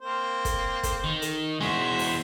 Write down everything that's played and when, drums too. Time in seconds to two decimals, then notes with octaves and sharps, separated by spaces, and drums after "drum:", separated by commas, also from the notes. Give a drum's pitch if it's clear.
0.01 A#3 C4 C5
0.45 drum: kick, hi-hat
0.83 drum: kick, hi-hat
1.05 D#3
1.22 drum: hi-hat
1.60 E2 G#3 F#4 C5 E5, drum: snare
1.99 drum: open hi-hat